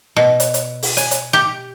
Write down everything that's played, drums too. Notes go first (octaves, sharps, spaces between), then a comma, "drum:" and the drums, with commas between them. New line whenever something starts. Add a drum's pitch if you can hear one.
B2
drum: hi-hat
drum: hi-hat
drum: open hi-hat
G#5, drum: hi-hat
drum: hi-hat
G4